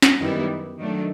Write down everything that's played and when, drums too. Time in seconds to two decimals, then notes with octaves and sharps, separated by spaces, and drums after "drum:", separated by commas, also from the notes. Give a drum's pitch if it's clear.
0.02 drum: snare
0.21 F#2 D#3 G3 B3 E4
0.79 D#3 F#3 A3 D4